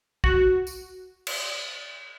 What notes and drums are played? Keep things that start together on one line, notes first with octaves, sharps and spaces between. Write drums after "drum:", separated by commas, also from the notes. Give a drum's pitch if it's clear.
F#4, drum: kick
drum: tambourine
drum: cymbal